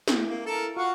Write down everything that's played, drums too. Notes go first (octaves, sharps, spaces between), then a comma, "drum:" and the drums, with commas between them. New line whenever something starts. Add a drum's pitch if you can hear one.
E4, drum: snare
A#3
A4 A#4 A5
F4 F#4 F5 C#6